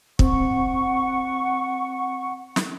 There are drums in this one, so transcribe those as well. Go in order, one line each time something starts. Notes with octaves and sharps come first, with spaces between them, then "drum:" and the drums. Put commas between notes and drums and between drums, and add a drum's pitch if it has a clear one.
C4 F#5 C#6, drum: kick
drum: snare